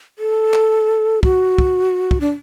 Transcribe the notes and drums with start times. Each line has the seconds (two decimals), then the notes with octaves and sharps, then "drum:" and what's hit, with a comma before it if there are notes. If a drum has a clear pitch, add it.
0.19 A4
0.54 drum: clap
1.23 F#4, drum: kick
1.58 drum: kick
2.11 drum: kick
2.20 D4